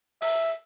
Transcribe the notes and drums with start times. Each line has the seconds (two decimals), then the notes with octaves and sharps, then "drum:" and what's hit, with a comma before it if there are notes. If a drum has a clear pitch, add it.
0.22 E5, drum: open hi-hat